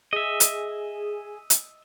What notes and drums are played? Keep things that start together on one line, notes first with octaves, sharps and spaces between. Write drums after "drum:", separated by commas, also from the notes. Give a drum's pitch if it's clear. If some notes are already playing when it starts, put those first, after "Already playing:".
G#4 D#5 E5
drum: hi-hat
drum: hi-hat